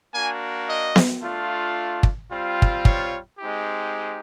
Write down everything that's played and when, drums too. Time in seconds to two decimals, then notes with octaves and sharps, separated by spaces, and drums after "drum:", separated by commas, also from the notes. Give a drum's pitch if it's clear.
0.14 A#3 D4 F#4 G#5
0.68 D#5
0.96 drum: snare B3
1.22 A3 D4 F4
2.03 drum: kick
2.31 G3 C4 F4
2.62 drum: kick
2.85 C#5, drum: kick
3.39 G#3 C4 D#4 G4